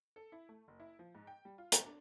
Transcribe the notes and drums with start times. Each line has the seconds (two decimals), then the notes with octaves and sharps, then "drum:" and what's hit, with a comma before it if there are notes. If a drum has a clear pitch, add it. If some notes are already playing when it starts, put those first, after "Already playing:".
0.16 A4
0.32 E4
0.49 A3
0.68 F#1
0.80 E4
0.99 F3
1.15 G#2
1.27 G5
1.45 G3
1.58 F4
1.72 G#1, drum: hi-hat
1.85 D4